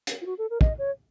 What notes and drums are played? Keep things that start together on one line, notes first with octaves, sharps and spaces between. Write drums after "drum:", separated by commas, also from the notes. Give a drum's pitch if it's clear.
drum: hi-hat
F4
F#4
A4
A#4
D#5, drum: kick
C#5